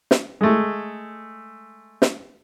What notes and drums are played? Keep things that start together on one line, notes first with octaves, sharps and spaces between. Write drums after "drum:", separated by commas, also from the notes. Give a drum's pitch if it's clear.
drum: snare
G#3 A3
drum: snare